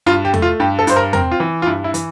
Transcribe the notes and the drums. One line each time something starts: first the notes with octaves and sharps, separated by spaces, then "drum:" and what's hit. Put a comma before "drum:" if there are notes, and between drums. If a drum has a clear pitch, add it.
G2 F4
G4
A3, drum: tom E2
F4
G2 G4
A4
G2 C5, drum: hi-hat
A#4
C4 A#4, drum: tom E2
F4
E3
F4
G2 E4
E4
E3, drum: hi-hat